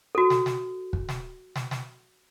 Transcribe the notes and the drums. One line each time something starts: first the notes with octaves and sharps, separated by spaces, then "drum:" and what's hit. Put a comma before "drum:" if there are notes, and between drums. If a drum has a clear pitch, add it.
F#4 A4
drum: snare
drum: snare
drum: kick
drum: snare
drum: snare
drum: snare